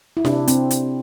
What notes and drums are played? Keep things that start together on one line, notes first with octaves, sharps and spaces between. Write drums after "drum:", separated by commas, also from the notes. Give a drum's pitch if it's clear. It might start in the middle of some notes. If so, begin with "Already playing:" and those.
E4
C3 D4, drum: snare E4
C4, drum: hi-hat
drum: hi-hat